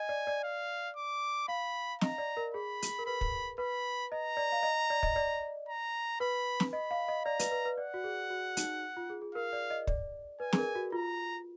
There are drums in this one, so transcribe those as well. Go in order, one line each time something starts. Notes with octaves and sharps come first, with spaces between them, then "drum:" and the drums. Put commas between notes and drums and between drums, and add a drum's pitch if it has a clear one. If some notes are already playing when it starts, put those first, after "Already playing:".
Already playing: D#5 G#5
D5
D5
F5
D6
F5 B5
D#5 A#5, drum: snare
D5
A#4
G#4 B5
drum: hi-hat
A#4
B4 B5
drum: kick
B4 B5
D#5 A#5
D5
F5
D#5
D5
D#5, drum: kick
D5
A#5
B4 B5
drum: snare
D#5 B5
F5
D#5
D5 A#5
B4, drum: hi-hat
B4
B4
D5 F#5
F#4
G#4
F#4
D#4, drum: hi-hat
F4
G#4
G#4
A#4 F5
D5
D#5
D5, drum: kick
B4 G#5
G#4, drum: snare
A#4
F#4
F4 A#5